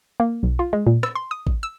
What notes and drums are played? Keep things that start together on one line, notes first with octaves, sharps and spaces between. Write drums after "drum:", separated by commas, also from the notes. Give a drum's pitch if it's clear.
A#3
B1
F4
G#3
A#2
E6, drum: rim click
C6
D#6
drum: kick A1
E6